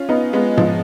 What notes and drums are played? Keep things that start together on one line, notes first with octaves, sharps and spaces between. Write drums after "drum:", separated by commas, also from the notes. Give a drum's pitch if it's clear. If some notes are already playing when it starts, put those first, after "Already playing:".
Already playing: C#4 F4
B3 D#4
G#3 B3
F3 G#3, drum: tom G#2